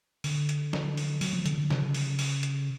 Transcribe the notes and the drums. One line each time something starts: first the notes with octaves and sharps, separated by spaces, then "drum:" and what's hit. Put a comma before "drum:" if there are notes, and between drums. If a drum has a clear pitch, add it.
D3, drum: open hi-hat
drum: hi-hat
drum: snare
drum: open hi-hat
F#3, drum: open hi-hat
F3
D3, drum: hi-hat
D3
C#3, drum: snare
drum: open hi-hat
drum: open hi-hat
drum: hi-hat